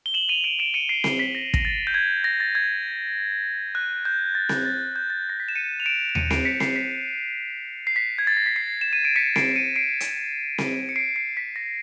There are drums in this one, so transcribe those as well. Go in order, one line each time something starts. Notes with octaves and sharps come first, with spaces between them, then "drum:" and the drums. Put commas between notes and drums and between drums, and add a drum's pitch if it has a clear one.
G7
E7 F#7
D#7 F7
D7 E7
D7 E7
C#7 D#7
C7 D7
C7, drum: snare C4
B6
A#6
A#6, drum: kick
A6
G6
G#6
A#6
A6
G#6
F#6
G6
A6
drum: snare C4
A6
G6
A6
A#6
B6
E7
C#7 D#7
F7
D7 E7
E7
C#7 D#7, drum: tom D#2
C7 D7, drum: snare C4
B6 C#7
C7, drum: snare C4
B6
C7
B6
G#6
A6
A#6
B6
C7
E7
D#7
D7
B6 C#7
C7 D7, drum: snare C4
C#7 D#7
C7 D7
drum: hi-hat
drum: snare C4
C#7
C7 D7
C7
B6
A#6